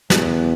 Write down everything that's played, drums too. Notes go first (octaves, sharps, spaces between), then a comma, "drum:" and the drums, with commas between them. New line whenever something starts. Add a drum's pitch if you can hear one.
E2, drum: snare